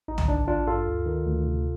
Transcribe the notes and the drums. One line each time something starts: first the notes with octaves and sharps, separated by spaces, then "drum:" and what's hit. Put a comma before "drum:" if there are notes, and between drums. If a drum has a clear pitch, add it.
A1 D#4
drum: tom
D3 D4
A1 D4 F4
G2 F4 A4
D2
D#3
D2
C3